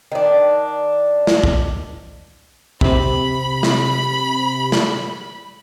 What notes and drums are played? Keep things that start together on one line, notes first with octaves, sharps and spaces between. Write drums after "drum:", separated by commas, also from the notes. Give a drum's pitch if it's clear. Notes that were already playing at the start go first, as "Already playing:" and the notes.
D#3 D4
drum: snare
drum: kick
C3 B5, drum: kick
drum: snare
drum: snare